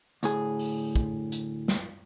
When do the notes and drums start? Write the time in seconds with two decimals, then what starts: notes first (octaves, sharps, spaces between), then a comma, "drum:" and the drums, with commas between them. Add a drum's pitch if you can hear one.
0.23 D2 A2 G#4, drum: hi-hat
0.59 drum: open hi-hat
0.96 drum: kick, hi-hat
1.32 drum: hi-hat
1.68 drum: snare